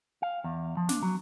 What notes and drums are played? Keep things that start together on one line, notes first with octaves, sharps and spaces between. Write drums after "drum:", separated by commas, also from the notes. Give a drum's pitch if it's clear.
F5
E2
F3
D4, drum: snare
F#3